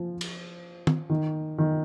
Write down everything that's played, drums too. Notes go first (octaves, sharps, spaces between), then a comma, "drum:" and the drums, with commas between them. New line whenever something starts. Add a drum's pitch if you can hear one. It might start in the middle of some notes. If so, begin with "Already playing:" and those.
Already playing: F3
drum: cymbal
drum: tom
D#3
D#3